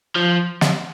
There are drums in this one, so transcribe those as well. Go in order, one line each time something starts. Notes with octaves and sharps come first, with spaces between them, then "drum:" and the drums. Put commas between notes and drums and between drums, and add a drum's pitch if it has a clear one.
F3
drum: snare